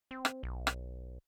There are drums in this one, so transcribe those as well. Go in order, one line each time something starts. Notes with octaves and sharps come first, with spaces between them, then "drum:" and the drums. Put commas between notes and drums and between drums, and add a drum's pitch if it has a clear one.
C4
drum: rim click
B1
drum: rim click